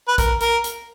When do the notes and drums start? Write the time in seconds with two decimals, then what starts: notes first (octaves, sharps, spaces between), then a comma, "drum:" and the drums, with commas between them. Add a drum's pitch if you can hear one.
0.08 B4
0.18 A#4, drum: kick, hi-hat
0.41 A#4, drum: hi-hat
0.64 drum: hi-hat